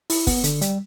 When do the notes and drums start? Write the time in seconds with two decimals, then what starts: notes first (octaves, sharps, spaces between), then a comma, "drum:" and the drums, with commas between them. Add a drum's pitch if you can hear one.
0.10 E4, drum: open hi-hat
0.27 B3, drum: kick, open hi-hat
0.44 D3, drum: hi-hat
0.61 G3, drum: hi-hat